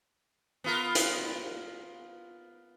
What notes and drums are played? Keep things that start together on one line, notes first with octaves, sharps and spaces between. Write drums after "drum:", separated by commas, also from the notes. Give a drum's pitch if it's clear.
B3 F4 A#4
drum: hi-hat